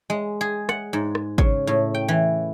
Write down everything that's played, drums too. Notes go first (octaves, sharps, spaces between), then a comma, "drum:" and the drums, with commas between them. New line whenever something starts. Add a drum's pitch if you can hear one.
G#3
G#4
F#5, drum: rim click
G#2
drum: rim click
C#3, drum: kick G#1
A2
G5
E3